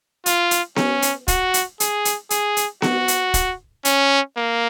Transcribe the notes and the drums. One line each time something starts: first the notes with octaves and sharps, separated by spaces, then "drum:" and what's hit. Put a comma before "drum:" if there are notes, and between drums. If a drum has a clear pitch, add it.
F4, drum: hi-hat
drum: hi-hat
C#4, drum: snare B3
drum: hi-hat
F#4, drum: kick, hi-hat
drum: hi-hat
G#4, drum: hi-hat
drum: hi-hat
G#4, drum: hi-hat
drum: hi-hat
F#4, drum: snare B3
drum: hi-hat
drum: kick, hi-hat
C#4, drum: hi-hat
A#3